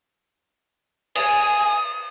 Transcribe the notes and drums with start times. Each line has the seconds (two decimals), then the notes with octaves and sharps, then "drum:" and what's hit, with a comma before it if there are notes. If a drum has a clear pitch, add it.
1.15 G#5 D#6, drum: cymbal